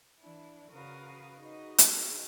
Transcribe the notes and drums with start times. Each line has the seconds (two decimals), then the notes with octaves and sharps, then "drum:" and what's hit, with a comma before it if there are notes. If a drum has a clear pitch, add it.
0.20 E3 D4 E4
0.72 C#3 F#4 A#4 B4 F5 D#6
1.39 D#4 F#4 G#4 B4 D#5
1.78 drum: hi-hat